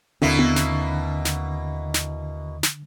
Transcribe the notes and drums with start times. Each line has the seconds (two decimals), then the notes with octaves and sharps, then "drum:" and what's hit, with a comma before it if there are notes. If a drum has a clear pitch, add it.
0.22 D#2 B2 D3 A#3 C4 E4
0.39 drum: tom B3
0.56 drum: snare
1.25 drum: snare
1.94 drum: snare
2.63 drum: snare